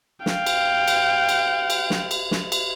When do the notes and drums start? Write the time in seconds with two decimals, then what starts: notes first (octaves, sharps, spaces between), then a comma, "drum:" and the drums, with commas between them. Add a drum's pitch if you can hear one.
0.26 F5 G5, drum: snare
0.46 drum: cymbal
0.88 drum: cymbal
1.29 drum: cymbal
1.70 drum: cymbal
1.90 drum: snare
2.11 drum: cymbal
2.31 drum: snare
2.52 drum: cymbal